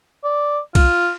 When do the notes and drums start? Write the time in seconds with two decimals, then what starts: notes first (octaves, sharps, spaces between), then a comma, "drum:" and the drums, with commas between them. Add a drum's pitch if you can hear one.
0.24 D5
0.75 F4, drum: kick, cymbal